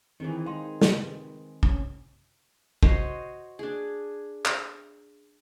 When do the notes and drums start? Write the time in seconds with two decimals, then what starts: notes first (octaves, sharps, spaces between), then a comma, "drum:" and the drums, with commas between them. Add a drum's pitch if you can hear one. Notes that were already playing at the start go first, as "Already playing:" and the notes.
0.20 D#3 E3 C4 G#4 B4
0.46 D#3 G#3 D#4 G#4 F5 C6
0.81 F4 B4, drum: snare
1.63 C3 C#4, drum: kick
2.83 F#4 C5 C#5 D#5, drum: kick
3.59 D4 G#4
4.45 drum: clap